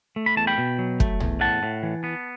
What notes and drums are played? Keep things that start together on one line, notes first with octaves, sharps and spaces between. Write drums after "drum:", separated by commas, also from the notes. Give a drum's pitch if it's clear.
A3
B5
E2 A5
G5 B5
B2
F#3
A3, drum: kick
E2, drum: tom
A2 F#5 A5
A2
E3
B3